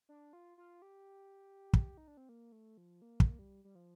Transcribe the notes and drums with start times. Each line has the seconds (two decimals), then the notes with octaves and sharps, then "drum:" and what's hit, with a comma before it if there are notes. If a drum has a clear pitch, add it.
0.09 D4
0.33 F4
0.58 F4
0.82 G4
1.73 drum: kick
1.97 D#4
2.08 D4
2.17 C4
2.29 A#3
2.52 A3
2.77 F3
3.02 A#3
3.20 drum: kick
3.39 G3
3.64 G3
3.75 F3